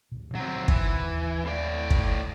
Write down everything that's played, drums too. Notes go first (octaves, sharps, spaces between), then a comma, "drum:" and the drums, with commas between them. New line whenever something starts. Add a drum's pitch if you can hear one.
D2 B2
B2 D3 D#3 F#3 C4
E3, drum: kick
D#2
A2 D5
drum: kick